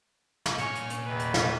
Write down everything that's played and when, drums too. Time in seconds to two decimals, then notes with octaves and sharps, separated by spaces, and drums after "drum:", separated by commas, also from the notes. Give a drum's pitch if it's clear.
0.46 drum: snare
0.58 A#2 C#5 G#5 C#6 F6, drum: hi-hat
0.75 drum: hi-hat
0.90 drum: hi-hat
1.05 E2 D#3 B4
1.19 drum: hi-hat
1.34 drum: snare